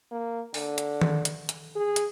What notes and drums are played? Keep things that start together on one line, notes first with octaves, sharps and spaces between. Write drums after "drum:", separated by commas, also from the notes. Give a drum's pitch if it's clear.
A#3
D3, drum: open hi-hat
drum: hi-hat
drum: tom D#3
drum: hi-hat
drum: hi-hat
G#4
drum: hi-hat